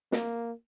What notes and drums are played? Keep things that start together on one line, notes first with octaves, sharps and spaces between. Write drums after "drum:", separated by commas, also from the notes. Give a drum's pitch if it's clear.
A#3, drum: snare